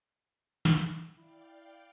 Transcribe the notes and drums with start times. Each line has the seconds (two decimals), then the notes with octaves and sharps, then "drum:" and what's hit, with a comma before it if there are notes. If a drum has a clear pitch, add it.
0.65 drum: snare
1.17 E4 D5 F5 G5